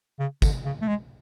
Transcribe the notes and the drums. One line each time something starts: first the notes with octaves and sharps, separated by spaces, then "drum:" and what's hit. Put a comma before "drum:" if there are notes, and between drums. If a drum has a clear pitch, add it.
C#3
D3, drum: kick, tambourine
C#3
A3
G#3